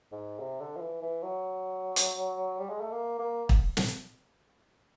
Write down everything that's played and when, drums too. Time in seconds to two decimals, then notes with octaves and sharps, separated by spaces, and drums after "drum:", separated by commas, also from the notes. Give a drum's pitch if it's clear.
0.12 G#2
0.39 C3
0.60 D3
0.76 F3
0.81 E3
1.02 E3
1.23 F#3
1.96 drum: hi-hat
2.59 G3
2.70 G#3
2.81 A3
2.91 A#3
3.19 A#3
3.49 drum: kick
3.77 drum: snare